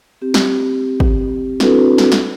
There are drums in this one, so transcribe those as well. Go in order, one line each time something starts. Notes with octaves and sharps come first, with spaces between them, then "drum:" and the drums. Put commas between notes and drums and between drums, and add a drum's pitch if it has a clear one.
C4 G4
drum: snare
drum: kick
C4 D4 E4 F#4 A4 B4, drum: snare
drum: snare
drum: snare